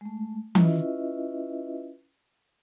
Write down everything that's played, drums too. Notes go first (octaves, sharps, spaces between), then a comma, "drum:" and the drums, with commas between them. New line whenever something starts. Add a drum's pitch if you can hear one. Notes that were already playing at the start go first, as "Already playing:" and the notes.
G#3 A3
C#4 E4 F4 B4 D#5 E5, drum: tom E3